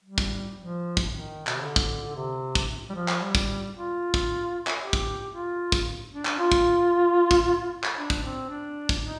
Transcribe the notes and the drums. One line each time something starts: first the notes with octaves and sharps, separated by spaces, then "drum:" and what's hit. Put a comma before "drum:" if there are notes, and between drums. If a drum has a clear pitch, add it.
G3
drum: kick
F3
drum: kick
D#3
B2, drum: clap
C3
D3
drum: kick
C3
drum: kick
G3
F3
drum: clap
G3
drum: kick
F4
drum: kick
drum: clap
G4
drum: kick
F4
drum: kick
D4
drum: clap
F4
drum: kick
drum: kick
drum: clap
D4
drum: kick
C4
D4
drum: kick
D#4